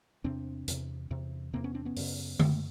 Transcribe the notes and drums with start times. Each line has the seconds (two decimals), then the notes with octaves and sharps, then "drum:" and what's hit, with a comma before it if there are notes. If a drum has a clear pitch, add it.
0.24 E2 C3 C4 D4
0.68 E2 C3, drum: hi-hat
1.10 E2 C3
1.53 E2 C3 A#3 C4
1.64 B3 C#4
1.74 C4 D4
1.85 B3 C#4
1.96 F#2 C#3, drum: open hi-hat
2.39 F#2 C#3, drum: tom D3